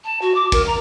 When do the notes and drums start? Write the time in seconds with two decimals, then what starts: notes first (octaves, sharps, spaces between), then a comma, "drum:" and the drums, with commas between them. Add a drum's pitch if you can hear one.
0.04 A5
0.21 F#4
0.34 D6
0.52 A#4, drum: kick, hi-hat
0.66 A#5